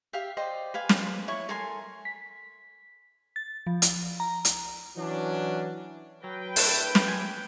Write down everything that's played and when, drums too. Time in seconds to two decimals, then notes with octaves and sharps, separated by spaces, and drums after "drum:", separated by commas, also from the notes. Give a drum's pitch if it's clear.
0.13 G4 E5 F5 G5
0.37 C5 D5 D#5 G5
0.74 B4 F5 G#5
0.89 drum: snare
1.07 B4
1.28 E4 C#5 C#6
1.49 A4 A#4 G#5 C6
2.05 B6
3.36 A6
3.67 F3
3.82 drum: hi-hat
4.20 A#5
4.45 drum: hi-hat
4.97 E3 F#3 C#4 D4
6.24 F#3 B4 G5
6.56 A3 D4 E4, drum: open hi-hat
6.95 drum: snare
7.08 G#5